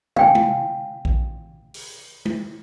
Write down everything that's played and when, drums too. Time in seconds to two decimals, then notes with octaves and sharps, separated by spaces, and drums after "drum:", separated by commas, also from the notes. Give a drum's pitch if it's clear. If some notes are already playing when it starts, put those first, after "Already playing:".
0.16 F5 G5 G#5, drum: tom
0.35 drum: tom G#3
1.05 drum: kick A#1
1.74 drum: open hi-hat
2.25 drum: tom G#3